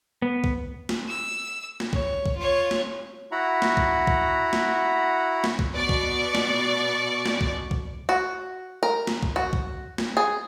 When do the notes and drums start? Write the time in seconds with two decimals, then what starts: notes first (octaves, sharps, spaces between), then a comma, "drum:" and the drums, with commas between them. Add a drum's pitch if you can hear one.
0.22 B3
0.44 drum: kick
0.89 drum: snare
1.08 E6
1.80 drum: snare
1.93 C#5, drum: kick
2.26 drum: kick
2.37 F4 C#5
2.71 drum: snare
3.32 E4 F#4 F#5 A#5 B5
3.62 drum: snare
3.77 drum: kick
4.07 drum: kick
4.53 drum: snare
5.44 drum: snare
5.59 drum: kick
5.73 B2 D5 C#6
5.89 drum: kick
6.35 drum: snare
7.26 drum: snare
7.41 drum: kick
7.71 drum: kick
8.09 F#4
8.83 A#4
9.07 drum: snare
9.23 drum: kick
9.36 F#4
9.53 drum: kick
9.98 drum: snare
10.17 G#4